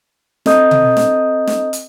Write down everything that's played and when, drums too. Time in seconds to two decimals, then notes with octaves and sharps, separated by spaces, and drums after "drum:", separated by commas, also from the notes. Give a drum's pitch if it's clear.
0.46 C4 A4 D#5 A#5 D#6 G6, drum: snare
0.71 drum: tom B2
0.97 drum: snare
1.47 drum: snare
1.73 drum: hi-hat